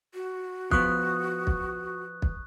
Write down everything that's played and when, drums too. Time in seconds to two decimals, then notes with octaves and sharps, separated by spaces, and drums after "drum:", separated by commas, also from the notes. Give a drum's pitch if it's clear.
0.14 F#4
0.71 F3 B3 C#6 D#6 F#6, drum: kick
1.47 drum: kick
2.22 drum: kick